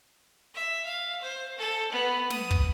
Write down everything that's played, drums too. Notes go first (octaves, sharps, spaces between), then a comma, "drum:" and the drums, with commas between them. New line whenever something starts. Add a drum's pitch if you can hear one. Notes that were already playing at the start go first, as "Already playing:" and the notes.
E5
F5
C5
A4
B3
D#6, drum: snare
drum: kick